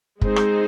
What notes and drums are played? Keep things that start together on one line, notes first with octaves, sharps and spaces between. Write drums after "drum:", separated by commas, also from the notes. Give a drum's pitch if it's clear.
G#3 C4 D#4 G#4 C5, drum: kick F#1
drum: rim click